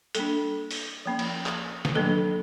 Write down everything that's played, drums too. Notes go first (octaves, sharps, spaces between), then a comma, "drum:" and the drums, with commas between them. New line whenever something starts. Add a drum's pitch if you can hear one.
G3 A#3 D4 A4, drum: hi-hat
drum: open hi-hat
F3 A#3 C#4
drum: cymbal
drum: clap
drum: snare
F#3 A#3 D4 A4